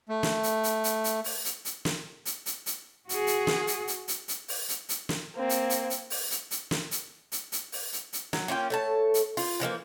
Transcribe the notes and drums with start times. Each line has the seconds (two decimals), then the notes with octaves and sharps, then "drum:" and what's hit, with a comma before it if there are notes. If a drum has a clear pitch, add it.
0.09 A3
0.23 drum: snare
0.43 drum: hi-hat
0.64 drum: hi-hat
0.84 drum: hi-hat
1.04 drum: hi-hat
1.24 drum: open hi-hat
1.45 drum: hi-hat
1.65 drum: hi-hat
1.85 drum: snare
2.26 drum: hi-hat
2.46 drum: hi-hat
2.66 drum: hi-hat
3.09 F#4 G#4, drum: hi-hat
3.27 drum: hi-hat
3.47 drum: snare
3.67 drum: hi-hat
3.88 drum: hi-hat
4.08 drum: hi-hat
4.28 drum: hi-hat
4.48 drum: open hi-hat
4.68 drum: hi-hat
4.89 drum: hi-hat
5.09 drum: snare
5.36 A#3 C4
5.49 drum: hi-hat
5.70 drum: hi-hat
5.90 drum: hi-hat
6.10 drum: open hi-hat
6.30 drum: hi-hat
6.51 drum: hi-hat
6.71 drum: snare
6.91 drum: hi-hat
7.32 drum: hi-hat
7.52 drum: hi-hat
7.72 drum: open hi-hat
7.92 drum: hi-hat
8.13 drum: hi-hat
8.33 F#3, drum: snare
8.48 A#3 C#4 F4 G5
8.70 A3 C#5 A5
9.14 drum: hi-hat
9.37 F4, drum: open hi-hat
9.60 E3 F3 G3 A#3